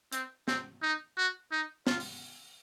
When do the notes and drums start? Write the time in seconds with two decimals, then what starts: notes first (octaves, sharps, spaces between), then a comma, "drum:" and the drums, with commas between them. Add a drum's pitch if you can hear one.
0.12 C4, drum: hi-hat
0.48 C4, drum: snare
0.82 D#4
1.17 F#4
1.51 D#4
1.87 F4, drum: snare
2.00 drum: open hi-hat